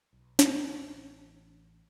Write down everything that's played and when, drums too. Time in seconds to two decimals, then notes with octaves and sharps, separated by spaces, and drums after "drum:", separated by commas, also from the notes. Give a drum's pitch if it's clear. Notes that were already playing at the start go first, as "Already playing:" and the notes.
0.13 B1
0.39 drum: snare
0.56 D2
0.78 A1